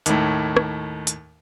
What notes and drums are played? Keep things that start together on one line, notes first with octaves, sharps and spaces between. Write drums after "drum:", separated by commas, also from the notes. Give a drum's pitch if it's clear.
D#2 A2, drum: hi-hat
drum: rim click
drum: hi-hat